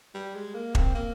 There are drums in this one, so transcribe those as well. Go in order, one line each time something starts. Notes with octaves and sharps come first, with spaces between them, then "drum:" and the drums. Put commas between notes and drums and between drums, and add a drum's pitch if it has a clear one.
G3
G#3
A#3
C4, drum: kick E1
A#3